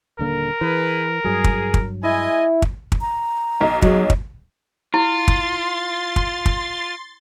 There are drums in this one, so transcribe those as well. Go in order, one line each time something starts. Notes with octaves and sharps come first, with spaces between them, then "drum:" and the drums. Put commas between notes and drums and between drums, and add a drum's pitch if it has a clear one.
D#1 D3 A#3 A#4
E3 G#4 B4
G2 F#3 G#4
drum: kick
drum: kick
G#3 E4 D#5 G#5
drum: kick
drum: kick
A#5
B1 D#4
F#3 G#4 C#5, drum: kick
drum: kick
E4 F4 C6 A6
drum: kick
drum: kick
drum: kick